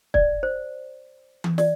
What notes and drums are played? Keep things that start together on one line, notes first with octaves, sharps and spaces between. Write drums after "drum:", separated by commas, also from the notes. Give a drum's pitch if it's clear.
D5, drum: kick
C5
drum: tom E3
D5, drum: snare